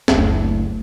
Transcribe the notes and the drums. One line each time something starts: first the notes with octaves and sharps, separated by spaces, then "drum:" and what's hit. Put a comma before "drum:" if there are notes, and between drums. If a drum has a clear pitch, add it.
F#1 D2, drum: snare